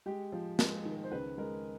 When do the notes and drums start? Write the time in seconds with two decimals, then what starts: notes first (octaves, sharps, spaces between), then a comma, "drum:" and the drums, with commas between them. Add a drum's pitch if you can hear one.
0.06 G#3 G4
0.32 F3
0.59 G#3, drum: snare
0.85 D#3
1.04 C5
1.11 C#2 B4
1.38 G#3 A#4